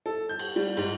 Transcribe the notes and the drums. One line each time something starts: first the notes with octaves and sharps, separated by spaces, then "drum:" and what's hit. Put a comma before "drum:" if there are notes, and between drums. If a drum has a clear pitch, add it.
A4
G6
drum: cymbal
G3
G#2, drum: cymbal